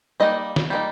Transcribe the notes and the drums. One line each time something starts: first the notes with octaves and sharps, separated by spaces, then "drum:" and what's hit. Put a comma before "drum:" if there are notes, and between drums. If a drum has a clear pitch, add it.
G3 A#3 D#4 D#5
drum: snare
G3 A#3 D#4